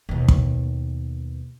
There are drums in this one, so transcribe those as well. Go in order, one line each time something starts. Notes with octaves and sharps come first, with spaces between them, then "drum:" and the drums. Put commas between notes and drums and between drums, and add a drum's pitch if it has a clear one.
D#2 B2
drum: kick